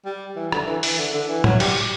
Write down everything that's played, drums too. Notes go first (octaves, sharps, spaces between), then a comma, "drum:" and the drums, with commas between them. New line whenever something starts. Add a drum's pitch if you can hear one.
G3
E3
D3, drum: rim click
E3
E3, drum: open hi-hat
D3
D3
E3
F#3, drum: tom
G3, drum: cymbal